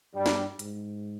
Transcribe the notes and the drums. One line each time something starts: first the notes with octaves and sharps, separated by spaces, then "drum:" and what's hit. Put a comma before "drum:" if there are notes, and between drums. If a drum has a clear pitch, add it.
G2 G3
drum: snare
G#2, drum: hi-hat